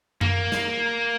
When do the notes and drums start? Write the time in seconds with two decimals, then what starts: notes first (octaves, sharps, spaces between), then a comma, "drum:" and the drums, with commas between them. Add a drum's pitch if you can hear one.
0.21 A#3, drum: tom F#2
0.52 drum: snare